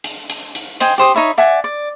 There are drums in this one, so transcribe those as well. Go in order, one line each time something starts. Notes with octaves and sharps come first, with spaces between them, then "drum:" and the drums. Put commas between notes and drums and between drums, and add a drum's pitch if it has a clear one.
drum: hi-hat
drum: hi-hat
drum: hi-hat
C5 D#5 G5 G#5, drum: hi-hat
G4 C5 D#6
D#4 C#5 E5 B5
D5 E5 F#5 G#5
D5